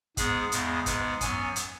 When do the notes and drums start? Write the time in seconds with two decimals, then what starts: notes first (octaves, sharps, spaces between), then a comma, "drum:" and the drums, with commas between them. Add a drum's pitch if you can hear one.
0.17 G#2 G#3 B3 G#4, drum: kick G#1, hi-hat
0.52 E2 C#3 G#3 B3, drum: hi-hat
0.86 G#2 G#3 B3 B4, drum: kick G#1, hi-hat
1.21 F#2 F#3 B3 G#5, drum: kick G#1, hi-hat
1.56 drum: hi-hat